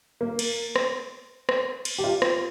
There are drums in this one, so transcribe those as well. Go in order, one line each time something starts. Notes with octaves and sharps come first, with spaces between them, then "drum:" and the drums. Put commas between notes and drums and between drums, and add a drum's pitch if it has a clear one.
A#3
drum: cymbal
drum: rim click
drum: rim click
drum: cymbal
G4
F4
drum: rim click